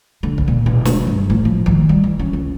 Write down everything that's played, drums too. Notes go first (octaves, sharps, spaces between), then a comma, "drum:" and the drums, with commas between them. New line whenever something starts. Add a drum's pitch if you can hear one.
D3
drum: kick
A#2
E1
G#3, drum: snare
G2
A1
F3
D#3, drum: kick
G3
E3
C#4
C#2